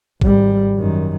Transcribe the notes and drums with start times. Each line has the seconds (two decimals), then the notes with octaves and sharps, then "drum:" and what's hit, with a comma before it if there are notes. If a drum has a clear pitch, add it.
0.21 G#1 G3, drum: kick
0.76 F#2 D#3